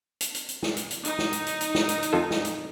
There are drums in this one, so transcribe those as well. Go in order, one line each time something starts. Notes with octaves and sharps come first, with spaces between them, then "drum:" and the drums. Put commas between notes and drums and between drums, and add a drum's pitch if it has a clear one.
drum: hi-hat
drum: hi-hat
drum: hi-hat
drum: snare
drum: hi-hat
drum: hi-hat
D#4, drum: hi-hat
drum: snare
drum: hi-hat
drum: hi-hat
drum: hi-hat
drum: snare
drum: hi-hat
drum: hi-hat
F2 F4 A4
drum: snare
drum: hi-hat